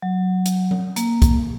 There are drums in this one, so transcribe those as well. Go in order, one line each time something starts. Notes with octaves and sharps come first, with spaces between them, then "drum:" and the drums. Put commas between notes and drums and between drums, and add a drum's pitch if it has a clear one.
F#3
drum: hi-hat
drum: tom F#3
A#3, drum: hi-hat
drum: kick, hi-hat